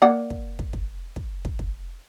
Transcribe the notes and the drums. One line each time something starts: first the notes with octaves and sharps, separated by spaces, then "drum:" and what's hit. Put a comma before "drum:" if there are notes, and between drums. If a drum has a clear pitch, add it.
A#3 D5 F#5
drum: kick
drum: kick
drum: kick
drum: kick
drum: kick
drum: kick